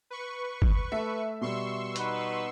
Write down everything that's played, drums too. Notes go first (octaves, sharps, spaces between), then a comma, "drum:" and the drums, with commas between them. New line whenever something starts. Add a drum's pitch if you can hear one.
B4 C#6
drum: kick G1
A3 A4 E5
B2 G3 C6 C#6 E6
B3 D#4 B4, drum: hi-hat